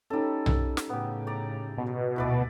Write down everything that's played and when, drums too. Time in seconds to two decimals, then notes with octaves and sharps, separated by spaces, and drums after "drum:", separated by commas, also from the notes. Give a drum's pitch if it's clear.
0.10 G3 C#4 D#4 A4
0.46 drum: tom B1
0.77 drum: snare
0.89 A2 C#3 B3 G4
1.27 D5 A#5
1.78 B2
2.16 D2 A#2 E4 B4 D5